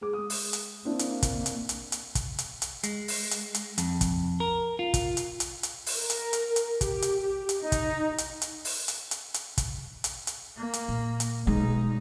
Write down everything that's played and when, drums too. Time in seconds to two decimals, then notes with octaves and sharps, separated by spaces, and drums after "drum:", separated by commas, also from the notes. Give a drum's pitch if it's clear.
0.01 G#3 G#4 D6
0.13 G#3 D#6
0.30 drum: open hi-hat
0.53 drum: hi-hat
0.85 A#3 C4 D4 E4
0.99 drum: hi-hat
1.23 drum: kick, hi-hat
1.46 drum: hi-hat
1.69 drum: hi-hat
1.92 drum: hi-hat
2.15 drum: kick, hi-hat
2.38 drum: hi-hat
2.62 drum: hi-hat
2.83 G#3, drum: hi-hat
3.08 drum: open hi-hat
3.31 drum: hi-hat
3.54 drum: hi-hat
3.78 F2, drum: hi-hat
4.01 drum: kick, hi-hat
4.40 A#4
4.79 F4
4.94 drum: kick, hi-hat
5.17 drum: hi-hat
5.40 drum: hi-hat
5.63 drum: hi-hat
5.86 drum: open hi-hat
5.96 A#4
6.10 drum: hi-hat
6.33 drum: hi-hat
6.56 drum: hi-hat
6.81 G4, drum: kick, hi-hat
7.02 drum: hi-hat
7.22 G4
7.49 drum: hi-hat
7.62 D#4
7.72 drum: kick, hi-hat
8.18 drum: hi-hat
8.42 drum: hi-hat
8.65 drum: open hi-hat
8.88 drum: hi-hat
9.11 drum: hi-hat
9.34 drum: hi-hat
9.58 drum: kick, hi-hat
10.04 drum: hi-hat
10.27 drum: hi-hat
10.57 A#3
10.73 drum: hi-hat
10.88 A#2
11.20 drum: hi-hat
11.47 B1 G#3 D#4